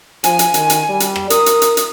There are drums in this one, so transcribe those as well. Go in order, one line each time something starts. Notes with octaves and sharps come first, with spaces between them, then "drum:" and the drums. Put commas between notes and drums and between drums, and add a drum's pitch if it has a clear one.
F3 G#5, drum: hi-hat
drum: hi-hat
D#3, drum: hi-hat
drum: hi-hat
G3
drum: hi-hat
drum: rim click
A#4 D#6, drum: hi-hat
drum: hi-hat
drum: hi-hat
drum: hi-hat